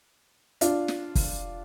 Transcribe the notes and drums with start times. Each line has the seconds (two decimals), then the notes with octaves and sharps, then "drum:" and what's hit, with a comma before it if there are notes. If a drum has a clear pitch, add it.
0.61 D4 F4, drum: hi-hat
0.88 drum: snare
1.15 drum: kick, open hi-hat